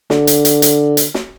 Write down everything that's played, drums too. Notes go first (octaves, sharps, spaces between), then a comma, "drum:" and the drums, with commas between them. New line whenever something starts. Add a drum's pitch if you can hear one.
D3, drum: snare
drum: hi-hat
drum: hi-hat
drum: hi-hat
drum: hi-hat
drum: snare